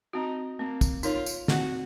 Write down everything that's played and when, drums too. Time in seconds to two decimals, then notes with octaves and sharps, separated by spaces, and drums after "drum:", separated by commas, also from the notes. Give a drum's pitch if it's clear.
0.13 C4 D#4 F#4
0.58 A#3 C4
0.81 drum: kick, tambourine
1.03 D#4 F4 A#4 C#5, drum: tambourine
1.26 drum: tambourine
1.48 C4 F#4, drum: snare